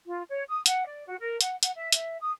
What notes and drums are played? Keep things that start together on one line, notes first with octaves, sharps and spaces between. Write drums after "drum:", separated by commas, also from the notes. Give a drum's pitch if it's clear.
F4
C#5
D#6
F#5, drum: hi-hat
D5
F#4
A#4
F#5, drum: hi-hat
F#5, drum: hi-hat
E5
E5, drum: hi-hat
D#6